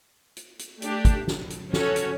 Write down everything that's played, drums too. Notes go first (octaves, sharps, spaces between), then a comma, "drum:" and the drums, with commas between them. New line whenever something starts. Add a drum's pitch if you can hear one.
drum: hi-hat
drum: hi-hat
A3 D4 G4, drum: hi-hat
drum: kick, hi-hat
drum: snare
drum: hi-hat
C#4 F#4 A4 C#5, drum: snare
drum: hi-hat